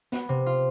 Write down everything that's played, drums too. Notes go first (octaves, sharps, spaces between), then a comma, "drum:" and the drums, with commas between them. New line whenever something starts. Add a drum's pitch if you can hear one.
B3, drum: snare
C3
F4